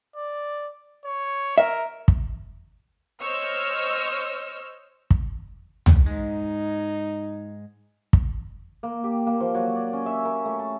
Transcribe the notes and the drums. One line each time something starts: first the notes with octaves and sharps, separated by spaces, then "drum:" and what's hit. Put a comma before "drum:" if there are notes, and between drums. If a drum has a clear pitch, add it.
D5
C#5
A#4 E5
drum: kick
C5 C#5 D#5 E6 F6
drum: kick
drum: tom
G#2 G#3 D#4
drum: kick
A#3
G4
A#3
F3
F#3
D5
C#4
E5
A#4
A3
A5